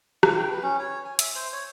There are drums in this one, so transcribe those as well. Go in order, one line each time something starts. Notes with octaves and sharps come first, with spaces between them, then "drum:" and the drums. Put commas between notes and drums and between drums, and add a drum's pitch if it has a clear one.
F5, drum: rim click
G5
B4
C#4
C#5
G#5
E5, drum: hi-hat
C5
C#5